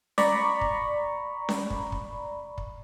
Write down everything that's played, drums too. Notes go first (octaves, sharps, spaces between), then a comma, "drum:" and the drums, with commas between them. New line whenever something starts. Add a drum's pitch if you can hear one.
D5 A#5 B5 C#6, drum: snare C#4
drum: kick
drum: snare C#4
drum: kick
drum: kick
drum: kick